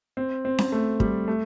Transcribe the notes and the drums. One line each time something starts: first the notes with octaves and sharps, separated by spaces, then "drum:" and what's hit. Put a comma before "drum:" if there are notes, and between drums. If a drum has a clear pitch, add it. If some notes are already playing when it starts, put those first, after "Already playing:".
C4
C4
drum: snare C#4
A3
G3, drum: kick
A3